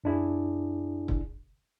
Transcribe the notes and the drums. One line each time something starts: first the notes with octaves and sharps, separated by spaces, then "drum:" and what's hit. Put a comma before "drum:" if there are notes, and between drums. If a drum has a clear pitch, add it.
F#2 D4 E4 G#4
drum: kick